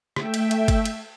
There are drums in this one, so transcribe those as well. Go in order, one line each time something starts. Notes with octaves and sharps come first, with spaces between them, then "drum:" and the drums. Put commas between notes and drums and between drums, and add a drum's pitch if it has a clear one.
A3 E5 G5, drum: rim click
drum: cymbal
drum: cymbal
drum: kick, cymbal
drum: cymbal